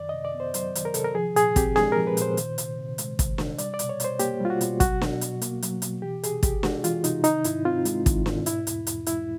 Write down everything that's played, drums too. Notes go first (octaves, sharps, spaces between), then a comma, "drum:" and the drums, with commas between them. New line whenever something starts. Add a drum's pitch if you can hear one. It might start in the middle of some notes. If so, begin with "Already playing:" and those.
Already playing: F#2 D#3 D5
C3 D#5
D5
B3
C5
F#3 C5, drum: hi-hat
D#3, drum: hi-hat
A#4
C3 A4, drum: hi-hat
A#4
F3 G#4
A#2 G#4, drum: hi-hat
C4 G4, drum: kick, hi-hat
G#3 G#4, drum: snare
F3 A#4
B4
A#2 C5, drum: hi-hat
D#3, drum: hi-hat
C3, drum: hi-hat
C3
G#3, drum: hi-hat
D#3, drum: kick, hi-hat
C3, drum: snare
G3 D5, drum: hi-hat
D5
B2, drum: hi-hat
C#5
B2 C5, drum: hi-hat
A#3 G4, drum: hi-hat
G3 F4
F#4
B2, drum: hi-hat
F#3 F#4, drum: kick, hi-hat
B2, drum: snare
B2, drum: hi-hat
A#3, drum: hi-hat
F#3, drum: hi-hat
B2, drum: hi-hat
E3 G4
C3 G#4, drum: hi-hat
C3 G4, drum: kick, hi-hat
G#3 F#4, drum: snare
E3 F4, drum: hi-hat
C3 D#4, drum: hi-hat
D#3 D#4, drum: hi-hat
G#2 E4, drum: hi-hat
C4 F4
G#3, drum: hi-hat
D#3, drum: kick, hi-hat
G#2, drum: snare
B2 E4, drum: hi-hat
E2, drum: hi-hat
E2, drum: hi-hat
G#3 E4, drum: hi-hat